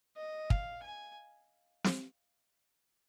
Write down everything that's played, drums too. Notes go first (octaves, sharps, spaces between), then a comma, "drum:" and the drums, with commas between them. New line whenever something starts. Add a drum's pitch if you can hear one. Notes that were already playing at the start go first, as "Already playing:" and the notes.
D#5
F5, drum: kick
G#5
drum: snare